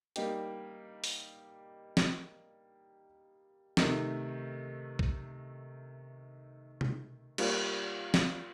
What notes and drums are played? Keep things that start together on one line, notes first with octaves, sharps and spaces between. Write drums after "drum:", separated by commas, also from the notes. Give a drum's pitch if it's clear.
G3 A#3 D#4 G4, drum: hi-hat
drum: open hi-hat
drum: snare
C3 D#3 A3, drum: snare
drum: kick B1
drum: tom B2
G3 A#3 F4, drum: cymbal
drum: snare